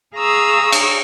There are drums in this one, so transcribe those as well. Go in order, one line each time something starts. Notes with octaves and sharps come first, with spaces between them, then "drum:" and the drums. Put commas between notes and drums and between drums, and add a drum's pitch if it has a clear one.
G#4 F5 A#5 C#6 D#6 E6
drum: cymbal